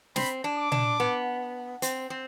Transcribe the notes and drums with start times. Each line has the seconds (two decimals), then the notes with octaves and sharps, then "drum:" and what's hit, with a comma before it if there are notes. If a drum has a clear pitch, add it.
0.16 C4 B5, drum: snare
0.44 D4
0.57 D6
0.72 D4, drum: tom A#2
1.00 B3
1.82 C4, drum: hi-hat
2.10 C4